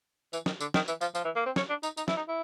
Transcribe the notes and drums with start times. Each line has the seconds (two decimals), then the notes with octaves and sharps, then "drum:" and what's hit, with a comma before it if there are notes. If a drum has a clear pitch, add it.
0.33 E3, drum: tambourine
0.46 D#3, drum: snare
0.60 D3, drum: tambourine
0.74 D#3, drum: snare
0.88 E3, drum: tambourine
1.01 F3, drum: tambourine
1.15 F3, drum: tambourine
1.25 E3
1.36 A#3
1.46 C4
1.56 C#4, drum: snare
1.69 D4
1.83 D#4, drum: tambourine
1.97 D#4, drum: tambourine
2.08 E4, drum: snare
2.17 D#4
2.28 E4